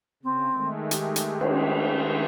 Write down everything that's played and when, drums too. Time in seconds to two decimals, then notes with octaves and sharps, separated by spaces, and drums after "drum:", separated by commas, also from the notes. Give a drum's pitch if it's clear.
0.23 C#3 C4
0.54 D#3 G#3 A3
0.91 G4, drum: hi-hat
1.16 drum: hi-hat
1.41 drum: cymbal